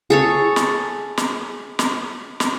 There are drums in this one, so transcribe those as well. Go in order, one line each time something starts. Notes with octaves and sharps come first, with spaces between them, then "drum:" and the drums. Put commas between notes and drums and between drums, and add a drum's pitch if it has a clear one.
G#4 A4 C#5
drum: snare
drum: snare
drum: snare
drum: snare